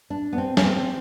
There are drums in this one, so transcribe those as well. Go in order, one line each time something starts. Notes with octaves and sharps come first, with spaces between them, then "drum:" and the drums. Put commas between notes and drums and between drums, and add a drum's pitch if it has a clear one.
D4
B3
C4
C#4, drum: snare
C4